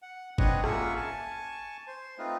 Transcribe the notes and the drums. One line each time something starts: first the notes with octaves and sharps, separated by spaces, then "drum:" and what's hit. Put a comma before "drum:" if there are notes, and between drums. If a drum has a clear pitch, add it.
F#5
C4 D4 B4 C#5 D#5 F#5, drum: kick G1
A#3 C#4 F4 E5 F#5 C#6, drum: rim click
G#5 A5 C#6
C5
A3 C4 D#4 F4 B4